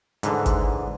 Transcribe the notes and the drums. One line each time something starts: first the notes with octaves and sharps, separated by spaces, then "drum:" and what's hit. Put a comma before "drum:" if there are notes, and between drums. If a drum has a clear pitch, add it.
G#2 D3 E3, drum: hi-hat
drum: kick G1, hi-hat